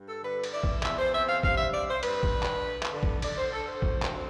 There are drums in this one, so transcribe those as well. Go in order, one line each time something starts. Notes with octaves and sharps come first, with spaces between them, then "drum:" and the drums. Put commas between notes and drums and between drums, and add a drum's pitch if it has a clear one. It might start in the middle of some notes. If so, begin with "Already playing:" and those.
Already playing: G2
A4
D3 B4
drum: cymbal
E4 D5
drum: kick
E2 E5, drum: clap
C5
C4 E5
F5
G2 F5, drum: kick
E5
C4 D5
C5
G2 B4, drum: cymbal
drum: kick
D4
drum: clap
D3
drum: clap
D3
drum: kick
D3 D5, drum: cymbal
C5
D3 A4
C5
D2, drum: kick
drum: clap
C4